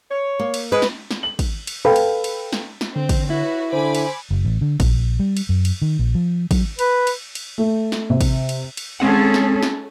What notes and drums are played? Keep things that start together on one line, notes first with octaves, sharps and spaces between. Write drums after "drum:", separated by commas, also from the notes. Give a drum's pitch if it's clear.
C#5
A#3
drum: cymbal
G#3 B4
drum: snare
drum: snare
F#7
drum: kick, cymbal
drum: cymbal
A4 B4 F5 G5 B5
drum: cymbal
drum: cymbal
drum: snare
drum: snare
D3 C4
drum: kick, cymbal
E4 F#4 B4 C#5
D3 C5 G#5 B5 D6
drum: cymbal
F#1
A1
D3
A#1, drum: kick, cymbal
G3
drum: cymbal
F#2
drum: cymbal
D#3
A#1
F3
F#3, drum: kick, cymbal
B4, drum: cymbal
drum: cymbal
drum: cymbal
A3
drum: snare
C3
drum: kick, cymbal
drum: cymbal
drum: cymbal
G#3 C4 C#4 G#4 A4 F#5
drum: snare
drum: snare